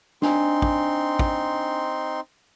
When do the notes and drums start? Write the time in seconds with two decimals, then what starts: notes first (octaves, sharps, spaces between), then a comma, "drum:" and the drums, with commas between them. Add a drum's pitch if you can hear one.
0.22 C4 D4 D#4 G#5 C6, drum: snare
0.62 drum: kick
1.19 drum: kick